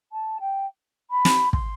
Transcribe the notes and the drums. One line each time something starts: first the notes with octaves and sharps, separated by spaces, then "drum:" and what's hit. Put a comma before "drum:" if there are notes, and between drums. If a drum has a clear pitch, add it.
A5
G5
B5
drum: snare
C6, drum: kick